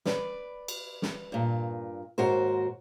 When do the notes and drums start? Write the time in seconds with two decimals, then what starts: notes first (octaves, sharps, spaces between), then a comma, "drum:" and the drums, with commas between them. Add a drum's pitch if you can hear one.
0.05 B4 D5, drum: snare
0.68 drum: cymbal
1.02 drum: snare
1.32 G2 A#2
2.18 D#2 G#2 F#4 A#4 C5